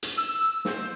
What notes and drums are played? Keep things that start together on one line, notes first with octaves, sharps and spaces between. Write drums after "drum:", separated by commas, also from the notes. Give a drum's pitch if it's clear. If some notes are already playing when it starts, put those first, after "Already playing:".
drum: hi-hat
E6
C5, drum: snare